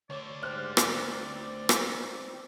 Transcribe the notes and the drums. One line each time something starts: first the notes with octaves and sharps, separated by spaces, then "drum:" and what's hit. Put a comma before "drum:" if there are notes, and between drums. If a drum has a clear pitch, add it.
D2 D3 C#5 D5
G#2 G4 C5 F6 F#6
drum: rim click
C4
drum: rim click